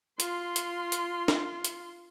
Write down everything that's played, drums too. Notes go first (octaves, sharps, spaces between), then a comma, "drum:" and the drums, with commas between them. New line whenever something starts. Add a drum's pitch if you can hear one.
F4 C6, drum: hi-hat
drum: hi-hat
drum: hi-hat
drum: snare D4
drum: hi-hat